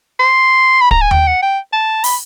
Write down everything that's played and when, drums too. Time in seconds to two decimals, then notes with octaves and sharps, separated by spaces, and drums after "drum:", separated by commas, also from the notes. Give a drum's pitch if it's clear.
0.19 C6
0.81 B5
0.91 A#5, drum: kick
1.01 G#5
1.11 G5, drum: tom D#2
1.27 F#5
1.42 G5
1.72 A5
2.04 B5, drum: open hi-hat